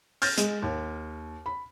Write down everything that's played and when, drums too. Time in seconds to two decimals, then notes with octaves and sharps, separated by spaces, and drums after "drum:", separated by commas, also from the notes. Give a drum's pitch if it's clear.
0.22 F6 G6 A6 A#6, drum: open hi-hat
0.38 G#3, drum: hi-hat
0.63 D#2
1.46 B5